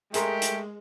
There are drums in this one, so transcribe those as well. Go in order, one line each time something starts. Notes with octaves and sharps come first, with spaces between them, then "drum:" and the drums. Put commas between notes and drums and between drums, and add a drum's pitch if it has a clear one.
G#3 A3 G4 G#4 A#4 C6, drum: hi-hat
drum: hi-hat